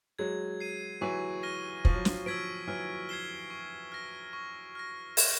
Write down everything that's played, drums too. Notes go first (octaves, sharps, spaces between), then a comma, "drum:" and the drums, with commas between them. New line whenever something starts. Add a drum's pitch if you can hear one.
F#3 G#3 G#6
C7 D#7
E3 F#3 C#6
F6 A#6 D#7 G7
F3 C#6, drum: kick
F#3
F3, drum: snare
F3 E6 G#6 B6 D7
E3 F#3 F6
G#6 C7 E7 G7
C#6
F6 A#6
C#6
F6 A#6
G#6, drum: open hi-hat